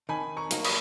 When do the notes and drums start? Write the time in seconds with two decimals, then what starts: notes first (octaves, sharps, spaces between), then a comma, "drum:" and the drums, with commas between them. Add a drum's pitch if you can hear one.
0.09 D#3 G#5 B5
0.37 A#5 C#6
0.51 F#3 A#3 D#4, drum: hi-hat
0.65 B5 D#6, drum: cymbal